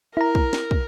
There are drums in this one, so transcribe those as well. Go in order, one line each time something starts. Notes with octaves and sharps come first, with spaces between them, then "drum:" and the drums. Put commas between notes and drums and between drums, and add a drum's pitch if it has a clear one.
E4 A#4 A#5
drum: kick
drum: snare
drum: kick